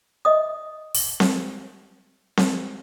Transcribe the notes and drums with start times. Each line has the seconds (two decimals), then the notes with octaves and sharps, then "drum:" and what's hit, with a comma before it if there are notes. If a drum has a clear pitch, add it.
0.25 D#5 E5 D#6
0.95 drum: open hi-hat
1.20 drum: snare C4
2.37 drum: snare C4